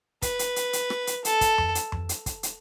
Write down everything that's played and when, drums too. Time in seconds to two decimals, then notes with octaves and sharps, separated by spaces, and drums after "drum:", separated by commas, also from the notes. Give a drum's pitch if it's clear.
0.22 B4, drum: kick, hi-hat
0.39 drum: hi-hat
0.56 drum: hi-hat
0.73 drum: hi-hat
0.90 drum: rim click
1.07 drum: hi-hat
1.25 A4, drum: hi-hat
1.41 drum: kick, hi-hat
1.58 drum: tom F2
1.75 drum: hi-hat
1.92 drum: tom F2
2.09 drum: hi-hat
2.26 drum: kick, hi-hat
2.43 drum: hi-hat